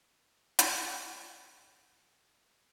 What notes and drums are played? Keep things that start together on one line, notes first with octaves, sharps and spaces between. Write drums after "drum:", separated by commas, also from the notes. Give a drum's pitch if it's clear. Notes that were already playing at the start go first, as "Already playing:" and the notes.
drum: hi-hat
A#2 C#4 G#4 A#4 C#5 D5